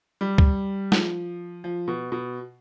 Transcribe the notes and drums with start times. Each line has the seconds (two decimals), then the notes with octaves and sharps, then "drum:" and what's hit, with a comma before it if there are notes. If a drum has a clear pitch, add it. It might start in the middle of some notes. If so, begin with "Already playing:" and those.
0.21 G3
0.38 drum: kick C#2
0.92 F3, drum: snare
1.64 F3
1.88 B2
2.12 B2